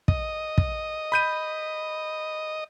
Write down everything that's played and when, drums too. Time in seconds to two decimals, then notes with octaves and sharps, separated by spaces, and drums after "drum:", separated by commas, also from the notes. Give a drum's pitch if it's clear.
0.08 D#5, drum: kick
0.58 drum: kick
1.12 B5 G6 D#7